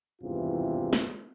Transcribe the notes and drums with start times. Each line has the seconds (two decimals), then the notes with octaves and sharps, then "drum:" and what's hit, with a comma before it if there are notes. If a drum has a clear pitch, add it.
0.22 G#1 E2 G2 C3 E3 F4
0.93 drum: snare